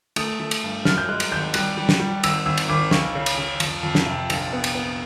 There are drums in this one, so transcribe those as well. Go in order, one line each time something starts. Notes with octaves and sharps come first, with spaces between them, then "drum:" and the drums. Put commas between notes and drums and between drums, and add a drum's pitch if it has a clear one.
A3 D#6, drum: cymbal
A3
drum: cymbal
G2
F#2 F6, drum: snare
G6
G#3 F#6
drum: cymbal
G#1 G6
G3 F#6, drum: cymbal
G3
drum: snare
G3
G#1 E6, drum: cymbal
G#1 E6
drum: cymbal
G#1 D6
C#2 C#6, drum: snare
C#3
drum: cymbal
C#3
F2, drum: cymbal
F2
drum: snare
C3
A#1, drum: cymbal
B3
drum: cymbal
B3